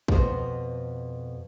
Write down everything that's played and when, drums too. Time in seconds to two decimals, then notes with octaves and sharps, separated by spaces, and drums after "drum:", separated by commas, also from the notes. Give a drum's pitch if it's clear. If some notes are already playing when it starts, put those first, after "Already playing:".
0.08 F2 B2 B3 C5, drum: kick